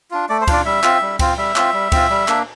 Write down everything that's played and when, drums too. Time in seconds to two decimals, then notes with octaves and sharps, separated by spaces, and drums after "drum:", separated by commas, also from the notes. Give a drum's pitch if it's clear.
0.11 D4 F4
0.29 A3 D5
0.41 C5
0.47 D4 F4, drum: kick C#2, cymbal
0.53 D5
0.65 G3 E5
0.84 C4 F4, drum: clap
1.02 G3
1.19 C4 F4, drum: kick C#2, cymbal
1.38 G3 E5
1.56 C4 F4, drum: clap
1.74 G3
1.92 C4 F4, drum: kick C#2, cymbal
2.10 G3
2.28 A#3 D4, drum: clap